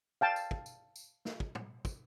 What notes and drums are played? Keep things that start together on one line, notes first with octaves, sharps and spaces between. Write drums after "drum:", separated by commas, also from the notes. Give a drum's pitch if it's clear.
F5 G5 A5
drum: tambourine
drum: kick
drum: tambourine
drum: tambourine
drum: snare
drum: kick
drum: tom
drum: kick, tambourine